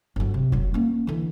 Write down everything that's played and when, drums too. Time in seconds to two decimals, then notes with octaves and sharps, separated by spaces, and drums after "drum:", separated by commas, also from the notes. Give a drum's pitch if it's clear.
0.16 G1 F#3
0.34 C3
0.52 G#2 F#3, drum: kick F1
0.74 A#3 C#4
1.07 D3 E3